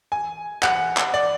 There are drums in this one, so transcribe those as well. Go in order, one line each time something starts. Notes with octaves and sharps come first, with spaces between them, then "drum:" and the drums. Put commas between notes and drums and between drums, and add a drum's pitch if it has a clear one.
G#5
F#5, drum: clap
drum: clap
D5